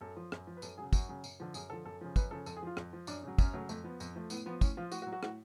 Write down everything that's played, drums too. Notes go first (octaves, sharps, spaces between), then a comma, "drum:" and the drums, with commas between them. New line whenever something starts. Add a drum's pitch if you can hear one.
F#2 A4
F3
F#2, drum: rim click
F3
B4
F#2 A4, drum: tambourine
C#3 F#3 G#4
F#2 F#4, drum: kick, tambourine
C#3 F#3
F#2, drum: tambourine
D3 F3
F#2 G#4, drum: tambourine
D3 F3 A4
F#2 A4
C#3 F3
F#2 B4, drum: kick, tambourine
C#3 F3 A4
F2 A4, drum: tambourine
G#4
F3 F4
F2, drum: rim click
F3
F#2 D4, drum: tambourine
C#3 F#3
F#2 C#4, drum: kick, tambourine
C#3 F#3 A3
F2 A3, drum: tambourine
F3 B3
F2, drum: tambourine
F3 A3
A2 B3, drum: tambourine
F3 B3
A2 C#4, drum: kick, tambourine
F3 F4
A2 F#4, drum: tambourine
F#4
F#3
F#4
A2 F#4, drum: rim click